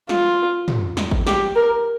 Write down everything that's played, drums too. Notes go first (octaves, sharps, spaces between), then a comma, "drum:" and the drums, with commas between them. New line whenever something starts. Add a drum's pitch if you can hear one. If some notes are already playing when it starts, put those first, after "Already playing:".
F4, drum: snare
drum: tom
drum: snare
drum: kick G#1
G4, drum: snare
A#4